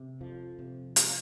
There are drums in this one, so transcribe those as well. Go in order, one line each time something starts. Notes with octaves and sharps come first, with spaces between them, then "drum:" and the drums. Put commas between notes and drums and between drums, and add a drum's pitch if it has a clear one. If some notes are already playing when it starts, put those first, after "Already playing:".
Already playing: C3
F2 F3
C3
drum: hi-hat